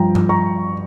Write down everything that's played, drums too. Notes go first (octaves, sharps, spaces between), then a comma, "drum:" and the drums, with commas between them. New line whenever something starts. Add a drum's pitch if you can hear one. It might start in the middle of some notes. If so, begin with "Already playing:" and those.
Already playing: G2 F3 G5 A#5
drum: tom G2
A#5 C#6